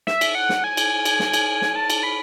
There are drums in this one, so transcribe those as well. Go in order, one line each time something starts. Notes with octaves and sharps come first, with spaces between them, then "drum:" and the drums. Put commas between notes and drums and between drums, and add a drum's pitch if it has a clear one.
E5, drum: snare
drum: cymbal
F#5
drum: snare
G#5
drum: cymbal
drum: cymbal
drum: snare
drum: cymbal
drum: snare
A5
drum: cymbal
B5